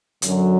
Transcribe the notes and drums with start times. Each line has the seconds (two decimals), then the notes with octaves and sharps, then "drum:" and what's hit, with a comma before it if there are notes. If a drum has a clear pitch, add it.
0.22 F#2 D3 F#3, drum: hi-hat